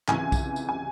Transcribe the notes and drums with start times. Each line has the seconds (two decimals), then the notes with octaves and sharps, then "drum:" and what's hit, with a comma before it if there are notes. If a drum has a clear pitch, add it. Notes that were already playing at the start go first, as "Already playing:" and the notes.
0.08 C#2 C3 E3 G#5, drum: clap
0.32 drum: kick B1, tambourine
0.56 drum: tambourine
0.69 G#5